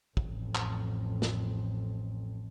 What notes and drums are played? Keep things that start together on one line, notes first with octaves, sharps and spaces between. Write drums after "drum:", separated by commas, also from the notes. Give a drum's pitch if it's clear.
A1 F2, drum: kick
drum: clap
drum: snare